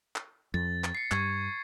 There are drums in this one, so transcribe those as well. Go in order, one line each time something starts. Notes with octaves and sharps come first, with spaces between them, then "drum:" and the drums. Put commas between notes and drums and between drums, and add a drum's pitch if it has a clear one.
drum: clap
F2 A6
drum: clap
C7 C#7
G2 C#6 G#6, drum: clap